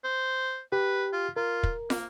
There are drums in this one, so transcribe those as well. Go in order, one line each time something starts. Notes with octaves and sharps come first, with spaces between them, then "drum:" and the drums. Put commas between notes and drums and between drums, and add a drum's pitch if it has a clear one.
C5
G4 B4
F4
F4 A#4
drum: kick
A#3, drum: snare